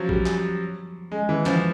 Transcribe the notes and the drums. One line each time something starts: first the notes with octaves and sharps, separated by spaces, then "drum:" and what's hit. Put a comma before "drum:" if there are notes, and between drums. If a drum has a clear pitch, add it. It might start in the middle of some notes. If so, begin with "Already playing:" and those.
Already playing: F3 F#3
G3, drum: kick G#1
drum: clap
G#3
E3
F3, drum: clap